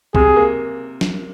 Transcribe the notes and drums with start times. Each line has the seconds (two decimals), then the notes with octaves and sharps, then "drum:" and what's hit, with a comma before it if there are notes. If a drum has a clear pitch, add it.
0.15 C3 G#4, drum: kick
0.36 A#3
1.01 drum: snare